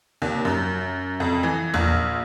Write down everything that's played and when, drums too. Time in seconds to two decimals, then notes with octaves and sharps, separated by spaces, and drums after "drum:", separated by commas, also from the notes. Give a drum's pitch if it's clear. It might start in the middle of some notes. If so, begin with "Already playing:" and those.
0.22 D#2
0.45 F#2
1.20 F2
1.43 E3
1.74 A#1, drum: tom E2